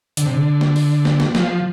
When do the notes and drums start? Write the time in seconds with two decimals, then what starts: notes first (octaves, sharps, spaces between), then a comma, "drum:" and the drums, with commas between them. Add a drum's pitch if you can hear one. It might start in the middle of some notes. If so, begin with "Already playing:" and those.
0.17 D3, drum: hi-hat
0.25 C3
0.33 D3
0.61 drum: snare
0.76 drum: open hi-hat
1.05 drum: snare
1.20 drum: snare
1.35 F3, drum: snare